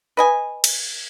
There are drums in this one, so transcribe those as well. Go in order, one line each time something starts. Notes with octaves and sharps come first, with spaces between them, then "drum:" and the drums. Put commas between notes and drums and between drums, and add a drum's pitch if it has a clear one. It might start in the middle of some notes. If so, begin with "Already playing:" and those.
B4 D#5 G#5
drum: cymbal